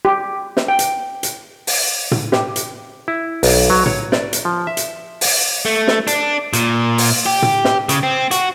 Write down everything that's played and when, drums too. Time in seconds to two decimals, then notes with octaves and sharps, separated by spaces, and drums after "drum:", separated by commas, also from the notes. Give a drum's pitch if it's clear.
0.05 G4
0.57 drum: snare
0.68 G5
0.79 drum: hi-hat
1.23 drum: hi-hat
1.67 drum: open hi-hat
2.11 drum: tom
2.32 G4, drum: snare
2.56 drum: hi-hat
3.08 E4
3.43 B1, drum: open hi-hat
3.70 F#3
3.86 C#5, drum: tom
4.12 D5, drum: snare
4.33 drum: hi-hat
4.45 F3
4.67 E5
4.77 drum: hi-hat
5.21 drum: open hi-hat
5.65 A3
5.88 drum: snare
6.07 D4, drum: hi-hat
6.53 A#2, drum: hi-hat
6.98 drum: open hi-hat
7.26 G4
7.42 drum: tom
7.65 drum: snare
7.89 C#3, drum: hi-hat
8.03 C4
8.31 F#4, drum: hi-hat